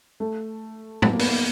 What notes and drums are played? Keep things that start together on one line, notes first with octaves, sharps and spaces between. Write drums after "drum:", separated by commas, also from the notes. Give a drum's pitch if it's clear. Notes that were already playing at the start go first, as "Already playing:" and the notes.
A3
drum: tom
A#3
B3, drum: open hi-hat
A#3